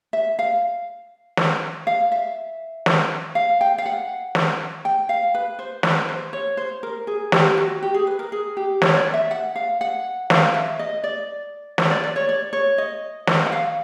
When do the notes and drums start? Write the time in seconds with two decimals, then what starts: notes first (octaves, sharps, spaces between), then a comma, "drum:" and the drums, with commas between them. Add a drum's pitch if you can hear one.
0.13 E5
0.39 F5
1.37 drum: snare
1.87 F5
2.12 E5
2.86 drum: snare
3.35 F5
3.61 G5
3.78 F5
3.86 F#5
4.35 drum: snare
4.85 G5
5.09 F5
5.34 B4
5.59 C5
5.83 B4, drum: snare
6.09 C5
6.33 C#5
6.57 C5
6.83 A#4
7.07 G#4
7.32 G4, drum: snare
7.57 F#4
7.83 G4
7.94 G#4
8.07 B4
8.19 A#4
8.32 G#4
8.57 G4
8.82 C#5, drum: snare
8.97 D5
9.14 E5
9.31 F#5
9.56 F5
9.81 F#5
10.30 F5, drum: snare
10.54 E5
10.79 D#5
11.04 D5
11.78 C#5, drum: snare
11.91 D5
12.04 D5
12.16 C#5
12.29 D5
12.53 C#5
12.78 D#5
13.27 D#5, drum: snare
13.47 F#5
13.52 F5